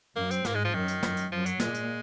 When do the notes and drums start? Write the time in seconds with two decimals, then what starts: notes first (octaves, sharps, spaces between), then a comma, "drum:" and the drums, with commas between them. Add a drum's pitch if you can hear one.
0.16 F#2 A#3
0.31 C4, drum: hi-hat
0.45 G#2 A#3, drum: snare
0.55 G#3
0.64 F3
0.74 F#2 D#3
0.88 drum: hi-hat
1.03 F#2, drum: snare
1.17 drum: hi-hat
1.31 F#2 F3
1.46 F#3, drum: hi-hat
1.60 A#2 G#3, drum: snare
1.74 drum: hi-hat